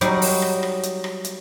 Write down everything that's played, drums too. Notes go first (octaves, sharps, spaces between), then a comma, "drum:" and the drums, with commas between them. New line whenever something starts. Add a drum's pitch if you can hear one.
F#3 G3 D#4, drum: hi-hat
drum: open hi-hat
drum: rim click
drum: rim click
drum: hi-hat
drum: rim click
drum: hi-hat